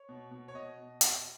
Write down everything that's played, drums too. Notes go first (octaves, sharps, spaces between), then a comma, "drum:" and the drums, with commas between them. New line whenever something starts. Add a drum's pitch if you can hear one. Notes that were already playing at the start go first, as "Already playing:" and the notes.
Already playing: C#5
B2
B2
C#5
B2 D#5
B2
B2, drum: hi-hat